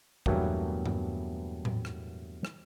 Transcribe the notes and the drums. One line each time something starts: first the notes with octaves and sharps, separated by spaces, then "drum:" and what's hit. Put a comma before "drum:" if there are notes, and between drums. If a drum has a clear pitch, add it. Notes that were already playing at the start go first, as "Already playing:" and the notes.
E2 G2 B2 F#3 A3 A#3, drum: kick
drum: tom G2
drum: tom A2
drum: rim click
drum: rim click